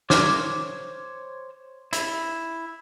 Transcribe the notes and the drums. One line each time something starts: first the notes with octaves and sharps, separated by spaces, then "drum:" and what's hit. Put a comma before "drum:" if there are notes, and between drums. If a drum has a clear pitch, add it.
C5 C#5 D6 F6, drum: snare
E4, drum: hi-hat